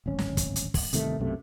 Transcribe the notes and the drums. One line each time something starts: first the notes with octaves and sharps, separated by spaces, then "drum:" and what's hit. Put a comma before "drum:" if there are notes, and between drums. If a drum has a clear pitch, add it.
D1 G#1 C#4
drum: snare
drum: kick, hi-hat
drum: hi-hat
drum: kick, open hi-hat
G1 C3 D#3 A3, drum: hi-hat
B1 F#2 C3 A3